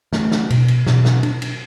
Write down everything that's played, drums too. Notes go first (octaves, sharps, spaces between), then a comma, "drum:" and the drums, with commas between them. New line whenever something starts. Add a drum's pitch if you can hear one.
A3, drum: snare
drum: snare
B2, drum: cymbal
drum: cymbal
B2, drum: snare
drum: snare
D4, drum: cymbal
drum: cymbal